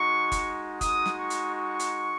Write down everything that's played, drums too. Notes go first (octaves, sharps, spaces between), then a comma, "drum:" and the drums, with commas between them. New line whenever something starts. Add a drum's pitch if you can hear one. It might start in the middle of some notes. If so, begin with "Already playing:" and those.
Already playing: G#3 D#4 F#4 C#6
drum: kick F#1, hi-hat
G#3 D#4 F#4 D#6, drum: kick F#1, hi-hat
drum: snare
C#6
drum: hi-hat
C#6
drum: hi-hat